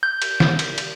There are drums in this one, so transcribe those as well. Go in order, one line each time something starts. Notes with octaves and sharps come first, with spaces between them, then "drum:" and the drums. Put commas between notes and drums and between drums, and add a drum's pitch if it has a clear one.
G6
drum: cymbal
drum: snare
drum: cymbal
drum: cymbal